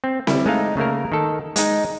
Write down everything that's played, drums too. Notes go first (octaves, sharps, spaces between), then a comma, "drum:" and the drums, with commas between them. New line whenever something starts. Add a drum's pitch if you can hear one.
C4
G3 E4, drum: snare C4
G#3 A3 D#4 F5
C#3 A3 A#3 A#4
D#3 A4
G#3 D#4, drum: hi-hat